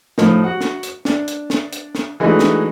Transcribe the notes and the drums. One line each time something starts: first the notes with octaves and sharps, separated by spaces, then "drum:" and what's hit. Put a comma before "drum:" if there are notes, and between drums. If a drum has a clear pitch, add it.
A2 F3 D#4, drum: snare
F#4 F#5
drum: snare
drum: hi-hat
D4, drum: snare
drum: hi-hat
drum: snare
drum: hi-hat
drum: snare
E3 G#3 A3 D4 D#4 F#4
drum: snare